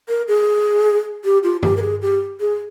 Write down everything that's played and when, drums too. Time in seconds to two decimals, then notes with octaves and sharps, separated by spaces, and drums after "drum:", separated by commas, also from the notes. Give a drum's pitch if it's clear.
0.08 A#4
0.28 G#4
1.25 G4
1.43 F4
1.63 G4, drum: tom G2
1.77 A#4
1.82 G#4
2.02 G4
2.40 G#4